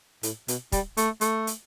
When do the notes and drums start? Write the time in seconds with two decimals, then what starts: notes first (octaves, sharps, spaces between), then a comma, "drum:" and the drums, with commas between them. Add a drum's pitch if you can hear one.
0.23 A2, drum: hi-hat
0.48 B2, drum: hi-hat
0.72 G3, drum: kick, hi-hat
0.97 A3, drum: hi-hat
1.21 A3, drum: hi-hat
1.47 drum: hi-hat